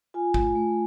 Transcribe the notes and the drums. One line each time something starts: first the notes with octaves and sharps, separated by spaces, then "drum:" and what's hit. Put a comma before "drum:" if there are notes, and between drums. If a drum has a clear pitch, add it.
F4 G#5
A3, drum: kick G#1
A3